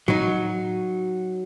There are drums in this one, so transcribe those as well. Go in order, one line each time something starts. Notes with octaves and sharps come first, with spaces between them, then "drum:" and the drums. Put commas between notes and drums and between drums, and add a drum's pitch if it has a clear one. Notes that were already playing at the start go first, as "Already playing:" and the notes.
F#3 D#4, drum: tom A2